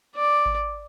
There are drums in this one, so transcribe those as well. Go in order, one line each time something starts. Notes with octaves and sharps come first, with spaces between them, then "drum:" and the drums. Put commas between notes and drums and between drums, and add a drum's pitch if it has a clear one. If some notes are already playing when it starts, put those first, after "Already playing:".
D5
drum: kick G#1